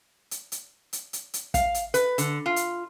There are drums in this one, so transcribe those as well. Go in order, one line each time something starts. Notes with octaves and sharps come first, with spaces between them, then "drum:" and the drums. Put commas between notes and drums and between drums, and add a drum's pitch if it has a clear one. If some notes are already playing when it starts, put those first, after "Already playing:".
drum: hi-hat
drum: hi-hat
drum: hi-hat
drum: hi-hat
drum: hi-hat
F5, drum: kick, hi-hat
drum: hi-hat
B4, drum: hi-hat
D3, drum: hi-hat
F4
drum: hi-hat